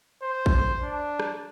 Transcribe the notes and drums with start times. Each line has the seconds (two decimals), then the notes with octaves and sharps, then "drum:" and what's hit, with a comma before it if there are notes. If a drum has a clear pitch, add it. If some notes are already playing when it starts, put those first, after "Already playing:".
0.23 C5
0.46 drum: kick A#1
0.83 D4
1.20 drum: rim click